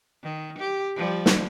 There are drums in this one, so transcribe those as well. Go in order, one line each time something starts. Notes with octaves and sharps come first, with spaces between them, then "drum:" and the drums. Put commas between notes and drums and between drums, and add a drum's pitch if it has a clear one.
D#3
G4
F3 G3
drum: snare